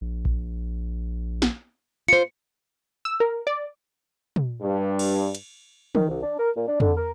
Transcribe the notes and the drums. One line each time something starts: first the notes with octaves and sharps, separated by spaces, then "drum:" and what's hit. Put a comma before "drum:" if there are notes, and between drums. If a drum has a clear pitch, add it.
A#1
drum: kick A#1
drum: snare
F4 C5 C#7
E6
A#4
D5
drum: tom
G2
drum: cymbal
drum: hi-hat
D#3, drum: tom
C2
D4
A#4
A#2
D4
D3, drum: tom
A#4